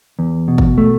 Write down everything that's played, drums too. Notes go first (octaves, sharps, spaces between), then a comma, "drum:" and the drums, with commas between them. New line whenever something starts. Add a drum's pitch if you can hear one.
E2
B2
drum: kick
A3